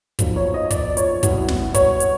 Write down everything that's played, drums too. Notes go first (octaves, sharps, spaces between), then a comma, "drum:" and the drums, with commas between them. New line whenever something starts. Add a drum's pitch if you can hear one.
B1 A#2 F3, drum: kick, hi-hat
C#5
D#5
D5, drum: kick, hi-hat
C#5, drum: hi-hat
C2 B2 F#3, drum: kick, hi-hat
drum: snare
C#5, drum: kick, hi-hat
drum: hi-hat